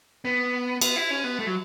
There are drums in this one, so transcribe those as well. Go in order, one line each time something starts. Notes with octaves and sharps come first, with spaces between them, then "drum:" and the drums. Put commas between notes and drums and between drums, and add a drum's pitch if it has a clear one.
B3
B3, drum: cymbal
E4
C#4
B3
A3
F#3